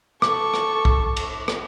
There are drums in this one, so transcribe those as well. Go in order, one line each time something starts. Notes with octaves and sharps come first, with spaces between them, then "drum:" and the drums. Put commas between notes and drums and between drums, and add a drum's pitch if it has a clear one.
A4 C#6 D6, drum: rim click
drum: rim click
drum: kick
drum: cymbal
drum: rim click